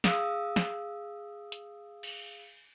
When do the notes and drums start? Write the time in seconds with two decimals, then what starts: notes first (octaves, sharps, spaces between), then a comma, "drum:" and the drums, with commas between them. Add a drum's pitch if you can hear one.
0.04 G#4 F5 D#6 E6, drum: snare
0.56 drum: snare
1.52 drum: hi-hat
2.03 drum: cymbal